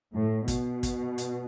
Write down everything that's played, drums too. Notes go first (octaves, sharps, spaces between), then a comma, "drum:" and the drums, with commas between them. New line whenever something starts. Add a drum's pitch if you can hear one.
A2
B2, drum: kick, hi-hat
drum: kick, hi-hat
drum: hi-hat